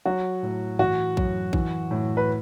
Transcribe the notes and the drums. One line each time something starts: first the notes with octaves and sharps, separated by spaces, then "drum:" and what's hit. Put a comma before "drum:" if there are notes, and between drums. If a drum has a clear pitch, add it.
F#3 F#4
A2
E3 F#4, drum: tom G2
F#2, drum: kick A#1
E3, drum: kick A#1
A2
B4